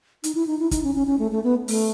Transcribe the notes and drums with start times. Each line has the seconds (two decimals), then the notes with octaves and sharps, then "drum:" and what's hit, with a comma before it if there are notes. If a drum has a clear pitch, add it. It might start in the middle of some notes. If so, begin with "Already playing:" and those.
0.24 D#4, drum: hi-hat
0.35 E4
0.47 D#4
0.59 E4
0.71 D#4, drum: kick, hi-hat
0.84 C#4
0.95 C#4
1.07 C#4
1.19 A3
1.31 A3
1.44 B3
1.68 A3, drum: open hi-hat